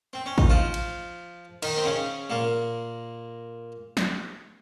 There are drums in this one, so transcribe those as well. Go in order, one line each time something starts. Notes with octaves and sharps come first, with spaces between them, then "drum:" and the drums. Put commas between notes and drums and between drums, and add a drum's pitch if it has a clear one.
C4
C#4
D#4, drum: kick A1
F3 F4
drum: cymbal
D#3 D#4, drum: cymbal
C4
C#3 C#4
A#2 A#3
drum: snare